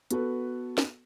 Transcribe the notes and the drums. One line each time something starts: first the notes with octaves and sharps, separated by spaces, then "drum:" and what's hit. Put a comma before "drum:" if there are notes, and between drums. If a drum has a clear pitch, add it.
B3 F#4 A4 B4, drum: hi-hat
drum: snare